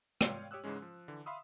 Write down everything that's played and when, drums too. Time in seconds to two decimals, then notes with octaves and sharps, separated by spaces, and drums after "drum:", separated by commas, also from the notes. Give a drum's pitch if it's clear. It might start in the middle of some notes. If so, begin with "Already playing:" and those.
0.21 C#5 D5 F5 G5 C6, drum: rim click
0.51 G4 C#5 D#6 E6 F#6
0.64 G#2 C#3 E3 G#3 C#4
0.82 F3
1.08 D3 E3
1.26 E5 F5 B5 C6 D#6 E6